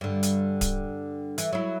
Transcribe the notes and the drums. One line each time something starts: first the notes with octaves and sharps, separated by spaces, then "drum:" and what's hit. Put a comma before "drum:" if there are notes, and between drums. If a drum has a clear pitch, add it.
G2 D3
drum: hi-hat
drum: kick D1, hi-hat
E3, drum: hi-hat
F#3 E4